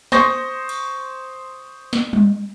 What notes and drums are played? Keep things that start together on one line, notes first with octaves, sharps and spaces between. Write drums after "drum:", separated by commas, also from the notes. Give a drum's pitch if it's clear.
C5 C6 C#6 D#6 G6 A#6, drum: snare
drum: cymbal
drum: snare
drum: tom G3